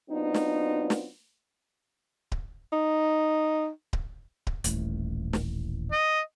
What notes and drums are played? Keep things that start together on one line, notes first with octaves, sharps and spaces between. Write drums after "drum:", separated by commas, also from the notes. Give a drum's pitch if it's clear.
F#3 B3 C4 D4 D#4 F4
drum: snare
drum: snare
drum: kick D1
D#4
drum: kick D1
drum: kick D1
D#1 A1 A2, drum: hi-hat
drum: snare
D#5